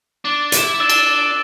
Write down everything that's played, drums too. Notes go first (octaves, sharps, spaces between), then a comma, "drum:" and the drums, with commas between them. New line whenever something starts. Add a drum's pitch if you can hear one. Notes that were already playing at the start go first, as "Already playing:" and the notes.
D4 D6 A6 F#7
E4, drum: hi-hat
E4
D4 E6 A6 E7
drum: cymbal